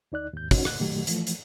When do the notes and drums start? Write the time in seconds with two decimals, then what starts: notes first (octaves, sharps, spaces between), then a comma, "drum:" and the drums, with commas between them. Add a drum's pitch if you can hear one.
0.12 D2 D#4 D5 F#6
0.33 D#2 G#2 G6
0.51 C#4 D#4 F#4, drum: kick, open hi-hat
0.65 C2 F#6, drum: rim click
0.80 A#2 D#3 F#3 A3 G4
1.07 E3 F3 A3, drum: hi-hat
1.27 drum: hi-hat